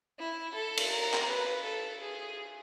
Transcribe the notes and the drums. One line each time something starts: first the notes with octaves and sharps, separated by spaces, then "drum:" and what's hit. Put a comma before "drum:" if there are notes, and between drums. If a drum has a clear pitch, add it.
E4
A4
drum: cymbal
A#4
drum: clap
B4
A4
G#4